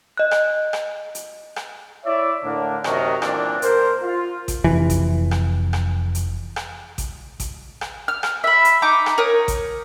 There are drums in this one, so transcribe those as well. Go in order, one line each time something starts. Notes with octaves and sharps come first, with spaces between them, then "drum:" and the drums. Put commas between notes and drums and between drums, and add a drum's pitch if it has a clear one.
D#5 F#6
drum: rim click
drum: rim click
drum: hi-hat
drum: rim click
E4 C#5 D5 E5
A2 D3 A#3 D4
F#2 C3 D#3 F#4 A#4 D#5, drum: rim click
A#2 E3 A#3 C4 D4, drum: rim click
A#4 C5, drum: hi-hat
F4
drum: kick A1, hi-hat
F1 E3
drum: kick A1, hi-hat
drum: rim click
drum: rim click
drum: hi-hat
drum: rim click
drum: kick A1, hi-hat
drum: kick A1, hi-hat
drum: rim click
F6
drum: rim click
E5 B5
drum: hi-hat
D#4 A#5 D6
drum: rim click
A#4 C#5 D#6
drum: kick A1, hi-hat